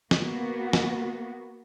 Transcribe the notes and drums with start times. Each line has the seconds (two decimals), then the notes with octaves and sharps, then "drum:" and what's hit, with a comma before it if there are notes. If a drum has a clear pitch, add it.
0.11 A#3 B3 F#4, drum: snare
0.73 drum: snare